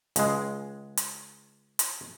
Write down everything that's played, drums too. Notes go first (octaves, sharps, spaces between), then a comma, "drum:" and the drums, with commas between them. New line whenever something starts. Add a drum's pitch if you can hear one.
C#2 G#3, drum: hi-hat
drum: hi-hat
drum: hi-hat